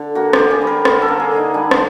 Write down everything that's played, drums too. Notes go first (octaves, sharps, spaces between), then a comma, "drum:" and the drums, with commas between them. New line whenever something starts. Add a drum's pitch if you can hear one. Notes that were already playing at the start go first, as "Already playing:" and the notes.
Already playing: D3
A#3 F#4
G4, drum: rim click
D3
G#4
G3
A#4
D3, drum: rim click
A4
A#3
G#4
D3 D#4
G3 D4
drum: rim click